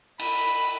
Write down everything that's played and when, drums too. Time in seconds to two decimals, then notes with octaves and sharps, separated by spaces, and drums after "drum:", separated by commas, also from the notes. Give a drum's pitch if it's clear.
0.20 B5, drum: cymbal